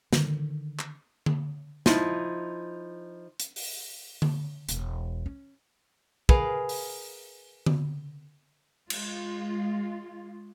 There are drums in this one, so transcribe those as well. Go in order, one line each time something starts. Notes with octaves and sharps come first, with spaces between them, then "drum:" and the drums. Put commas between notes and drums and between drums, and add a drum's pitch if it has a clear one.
D3 D#3, drum: snare
drum: clap
drum: tom D3
F3 D#4 E4, drum: snare
drum: hi-hat
drum: open hi-hat
drum: tom D3
E1, drum: hi-hat
C#4
G#4 A#4 B4 F5, drum: kick
drum: open hi-hat
drum: tom D3
G#3 F4, drum: cymbal